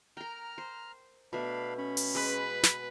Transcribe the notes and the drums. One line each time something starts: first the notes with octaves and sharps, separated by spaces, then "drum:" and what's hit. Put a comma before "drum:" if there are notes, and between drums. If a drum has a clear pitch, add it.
A#4 G5 A#5 F6
C5
B2 A3 D4 F5 B5
C#4 B5
drum: open hi-hat
G#3 B4
drum: snare